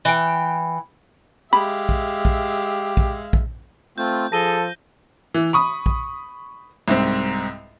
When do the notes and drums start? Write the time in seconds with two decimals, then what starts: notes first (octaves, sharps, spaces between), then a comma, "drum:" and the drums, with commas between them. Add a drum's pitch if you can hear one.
0.05 E3 G5
1.53 G#3 G4 E5 F5 B5
1.89 drum: kick A#1
2.25 drum: kick A#1
2.97 drum: kick A#1
3.33 drum: kick A#1
3.98 A3 C4 F4 G6
4.32 F3 G#4 A4 A#6 D#7 G7
5.34 E3
5.53 B5 C#6 D#6
5.86 drum: kick A#1
6.88 C2 G#2 C4